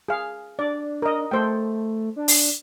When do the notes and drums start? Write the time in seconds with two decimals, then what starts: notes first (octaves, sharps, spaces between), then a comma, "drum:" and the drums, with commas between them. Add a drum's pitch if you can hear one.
0.08 G#4 F5
0.59 D4 D5
1.02 A#4 D#5
1.31 A3 A4 C5 G5
2.16 D4
2.28 drum: open hi-hat